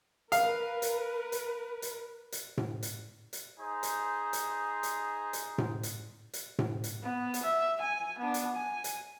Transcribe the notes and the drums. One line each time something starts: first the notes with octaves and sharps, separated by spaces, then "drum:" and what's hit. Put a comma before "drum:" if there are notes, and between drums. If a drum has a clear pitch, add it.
A#4 B4 F5, drum: hi-hat
drum: hi-hat
drum: hi-hat
drum: hi-hat
drum: hi-hat
drum: tom A2
drum: hi-hat
drum: hi-hat
D#4 G#4 C5
drum: hi-hat
drum: hi-hat
drum: hi-hat
drum: hi-hat
drum: tom A2
drum: hi-hat
drum: hi-hat
drum: tom A2
drum: hi-hat
B3
drum: hi-hat
E5
G#5
B3 D4
drum: hi-hat
G#5
drum: hi-hat